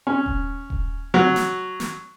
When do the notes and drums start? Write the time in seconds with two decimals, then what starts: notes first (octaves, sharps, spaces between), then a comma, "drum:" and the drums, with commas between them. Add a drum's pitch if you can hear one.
0.07 C#4
0.26 drum: kick D#1
0.70 drum: kick D#1
1.14 F#3
1.36 drum: snare
1.80 drum: snare